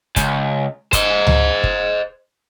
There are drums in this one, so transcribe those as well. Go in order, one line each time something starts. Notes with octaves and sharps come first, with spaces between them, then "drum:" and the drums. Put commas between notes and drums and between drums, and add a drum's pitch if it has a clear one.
C#2, drum: kick, hi-hat
C5 D#5, drum: kick, hi-hat
drum: tom C#2
drum: kick